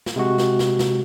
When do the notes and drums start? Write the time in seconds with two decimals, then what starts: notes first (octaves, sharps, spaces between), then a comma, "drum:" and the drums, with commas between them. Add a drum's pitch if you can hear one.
0.06 drum: snare
0.16 C3 G#3 F#4
0.38 drum: snare
0.59 drum: snare
0.79 drum: snare